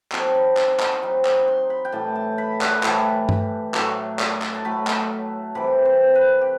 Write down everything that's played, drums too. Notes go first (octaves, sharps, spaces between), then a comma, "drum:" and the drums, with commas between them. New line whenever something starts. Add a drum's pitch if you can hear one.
F#3 C4 D#4 A5, drum: clap
B5
drum: clap
drum: clap
C6
F#3 C4 D#4 B5
B5, drum: clap
C6
B5
G5
A2 E3 G3 A5
A5
B5
F#5, drum: clap
B5
A2 E3 G3 A5, drum: clap
drum: tom G2
A2 F#3 A3, drum: clap
drum: clap
drum: clap
A5
A2 F#3 A3 B5
drum: clap
C3 E3 G3 B5
C5
B4
G4